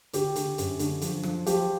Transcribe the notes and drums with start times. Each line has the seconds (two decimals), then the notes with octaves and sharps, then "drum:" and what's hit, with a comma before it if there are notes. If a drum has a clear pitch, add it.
0.13 D3 G4, drum: hi-hat
0.36 D3, drum: hi-hat
0.58 F#2, drum: hi-hat
0.79 D3, drum: hi-hat
1.01 F3, drum: hi-hat
1.23 F3, drum: rim click
1.46 F3 G4, drum: hi-hat